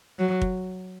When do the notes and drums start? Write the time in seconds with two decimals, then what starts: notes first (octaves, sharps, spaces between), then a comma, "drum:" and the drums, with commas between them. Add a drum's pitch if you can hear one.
0.19 F#3
0.41 drum: kick